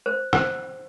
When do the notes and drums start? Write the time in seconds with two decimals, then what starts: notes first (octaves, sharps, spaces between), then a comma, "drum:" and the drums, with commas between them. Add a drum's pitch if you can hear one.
0.06 C5
0.33 C5, drum: rim click